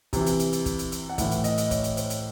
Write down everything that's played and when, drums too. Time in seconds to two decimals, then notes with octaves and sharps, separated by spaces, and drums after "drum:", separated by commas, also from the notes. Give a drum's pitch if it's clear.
0.13 C3 E3, drum: kick, hi-hat
0.26 drum: hi-hat
0.39 drum: hi-hat
0.53 drum: hi-hat
0.66 drum: kick, hi-hat
0.79 drum: hi-hat
0.92 drum: hi-hat
1.09 F#5
1.18 A2 E3 E5, drum: kick, hi-hat
1.31 drum: hi-hat
1.44 D#5, drum: hi-hat
1.58 drum: hi-hat
1.71 C#5, drum: kick, hi-hat
1.84 drum: hi-hat
1.97 C5, drum: hi-hat
2.10 drum: hi-hat